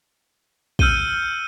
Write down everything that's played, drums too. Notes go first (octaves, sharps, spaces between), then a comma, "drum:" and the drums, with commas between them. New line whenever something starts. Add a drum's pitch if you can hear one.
E6 F6 G6 C#7 D#7 G7, drum: kick